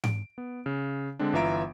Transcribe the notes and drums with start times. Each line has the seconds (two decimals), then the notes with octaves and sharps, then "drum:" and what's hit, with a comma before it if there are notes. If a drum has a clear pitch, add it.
0.04 D7, drum: tom G#2
0.38 B3
0.66 C#3
1.19 D3 G#3 C4 D4
1.33 G1 E3 F4 E5 A#5 D7